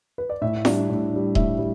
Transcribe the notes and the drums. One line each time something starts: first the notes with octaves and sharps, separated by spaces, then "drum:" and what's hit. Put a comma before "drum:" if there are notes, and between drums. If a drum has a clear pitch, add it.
B4
D5
A2 E5
G3 D4, drum: snare
A2
G3 D4
A2 E5, drum: kick D#1
G3